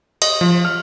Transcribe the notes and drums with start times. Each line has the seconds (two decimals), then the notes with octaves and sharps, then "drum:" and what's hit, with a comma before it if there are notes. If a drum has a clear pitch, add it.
0.22 D#5, drum: cymbal
0.41 F3
0.65 F6